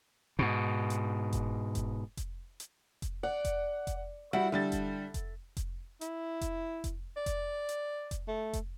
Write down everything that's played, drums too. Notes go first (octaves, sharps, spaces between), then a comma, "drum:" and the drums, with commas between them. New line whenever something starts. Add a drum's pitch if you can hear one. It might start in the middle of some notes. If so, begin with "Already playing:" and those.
G#2 B2
drum: hi-hat
drum: kick F1, hi-hat
drum: kick F1, hi-hat
drum: kick F1, hi-hat
drum: hi-hat
drum: kick F1, hi-hat
D5 F#5
drum: kick F1, hi-hat
drum: kick F1, hi-hat
G3 E4 F#4 F#5
D3 G3 A4 A6
drum: kick F1, hi-hat
drum: kick F1, hi-hat
drum: kick F1, hi-hat
E4, drum: hi-hat
drum: kick F1, hi-hat
drum: kick F1, hi-hat
D5
drum: kick F1, hi-hat
drum: hi-hat
drum: kick F1, hi-hat
A3
drum: kick F1, hi-hat